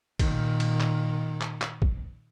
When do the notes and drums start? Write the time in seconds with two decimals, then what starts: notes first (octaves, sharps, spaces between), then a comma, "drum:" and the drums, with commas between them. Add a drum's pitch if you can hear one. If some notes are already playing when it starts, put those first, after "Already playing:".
0.19 A#2 D#3, drum: kick, cymbal
0.60 drum: cymbal
0.80 drum: clap
1.41 drum: clap
1.61 drum: clap
1.82 drum: kick